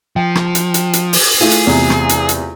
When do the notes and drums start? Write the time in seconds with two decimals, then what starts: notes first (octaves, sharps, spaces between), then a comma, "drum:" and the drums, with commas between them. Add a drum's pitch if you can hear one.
0.16 F3 G5
0.35 drum: rim click
0.55 drum: hi-hat
0.74 drum: hi-hat
0.93 drum: hi-hat
1.13 drum: open hi-hat
1.41 A3 E4 F4 G#4
1.51 drum: hi-hat
1.67 E2 C3
1.90 drum: rim click
2.09 drum: hi-hat
2.29 drum: hi-hat